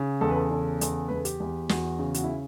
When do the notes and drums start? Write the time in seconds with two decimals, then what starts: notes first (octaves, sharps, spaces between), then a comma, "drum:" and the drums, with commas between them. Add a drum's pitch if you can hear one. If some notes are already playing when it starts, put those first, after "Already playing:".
Already playing: C#3
0.21 E2 A4
0.30 B4
0.36 A4
0.51 C#3 A4
0.81 E2 A4, drum: hi-hat
1.08 E2 B4
1.16 A4
1.25 G4, drum: hi-hat
1.40 E2
1.69 E2 F#4, drum: snare
1.99 C#3
2.14 F#4, drum: hi-hat
2.23 E4